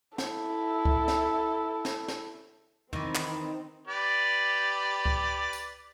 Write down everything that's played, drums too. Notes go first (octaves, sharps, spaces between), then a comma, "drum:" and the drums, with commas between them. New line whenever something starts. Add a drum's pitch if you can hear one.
E4 A4, drum: snare
drum: kick C#2
drum: snare
drum: snare
drum: snare
D#3 E3 C4 D#4, drum: tom
drum: clap
G4 B4 D5
drum: kick C#2
drum: tambourine